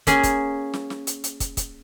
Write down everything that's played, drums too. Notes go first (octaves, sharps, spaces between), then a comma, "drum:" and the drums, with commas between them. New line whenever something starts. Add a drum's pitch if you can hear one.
A#3 C#4 G#4, drum: kick, hi-hat
drum: kick, hi-hat
drum: snare
drum: snare
drum: hi-hat
drum: hi-hat
drum: kick, hi-hat
drum: kick, hi-hat